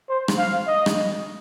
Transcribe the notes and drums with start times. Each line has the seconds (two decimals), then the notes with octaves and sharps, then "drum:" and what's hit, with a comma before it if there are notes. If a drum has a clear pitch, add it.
0.09 C5
0.28 drum: rim click
0.37 F5
0.67 D#5
0.86 drum: rim click